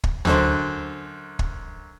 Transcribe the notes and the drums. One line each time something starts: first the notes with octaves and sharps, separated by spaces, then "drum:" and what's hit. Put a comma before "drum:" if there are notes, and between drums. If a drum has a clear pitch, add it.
drum: kick
F#2 D3 C5, drum: tom
drum: kick